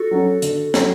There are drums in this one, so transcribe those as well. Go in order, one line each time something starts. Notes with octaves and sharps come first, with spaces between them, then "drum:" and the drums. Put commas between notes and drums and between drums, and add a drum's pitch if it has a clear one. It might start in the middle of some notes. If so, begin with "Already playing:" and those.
Already playing: F#4 A4
F#3 C#4
D3, drum: hi-hat
F#3 C#4, drum: snare